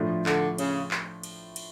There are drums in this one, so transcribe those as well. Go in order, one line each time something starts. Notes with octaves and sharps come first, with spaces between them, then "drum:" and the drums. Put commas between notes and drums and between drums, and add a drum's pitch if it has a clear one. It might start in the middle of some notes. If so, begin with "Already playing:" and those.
Already playing: A2 F3 A3 D4
D3, drum: clap
C#3, drum: cymbal
drum: clap
drum: cymbal
drum: cymbal